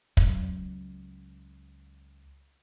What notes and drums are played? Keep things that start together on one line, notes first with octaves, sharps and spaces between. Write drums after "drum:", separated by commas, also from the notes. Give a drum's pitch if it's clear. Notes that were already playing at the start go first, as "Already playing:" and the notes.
C#2 F#3, drum: kick